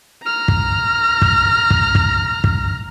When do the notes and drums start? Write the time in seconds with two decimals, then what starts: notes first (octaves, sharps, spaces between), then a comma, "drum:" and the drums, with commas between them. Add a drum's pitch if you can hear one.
0.24 A#5 F6
0.48 drum: kick
1.22 drum: kick
1.70 drum: kick
1.95 drum: kick
2.44 drum: kick